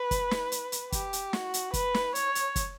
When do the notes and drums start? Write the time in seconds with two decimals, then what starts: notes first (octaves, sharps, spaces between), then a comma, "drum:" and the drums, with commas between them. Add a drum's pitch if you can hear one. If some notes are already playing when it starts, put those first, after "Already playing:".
Already playing: B4
0.11 drum: kick, hi-hat
0.31 drum: snare
0.52 drum: hi-hat
0.72 drum: hi-hat
0.92 G4, drum: kick, hi-hat
1.13 drum: hi-hat
1.33 F#4, drum: snare
1.54 drum: hi-hat
1.73 B4, drum: kick, hi-hat
1.94 drum: snare
2.15 C#5, drum: hi-hat
2.35 drum: hi-hat
2.56 drum: kick, hi-hat